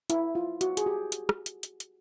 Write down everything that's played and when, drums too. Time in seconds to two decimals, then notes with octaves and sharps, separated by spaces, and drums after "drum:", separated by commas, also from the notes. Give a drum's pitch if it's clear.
0.10 E4, drum: hi-hat
0.35 F4
0.61 F#4, drum: hi-hat
0.77 G#4, drum: hi-hat
0.86 G4
1.12 drum: hi-hat
1.29 drum: rim click
1.46 drum: hi-hat
1.63 drum: hi-hat
1.80 drum: hi-hat